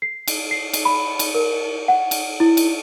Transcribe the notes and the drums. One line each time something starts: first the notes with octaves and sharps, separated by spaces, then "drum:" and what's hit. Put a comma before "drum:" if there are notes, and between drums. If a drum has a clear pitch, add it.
C7
drum: cymbal
C7
drum: cymbal
B5
drum: cymbal
A#4
F#5
drum: cymbal
E4
drum: cymbal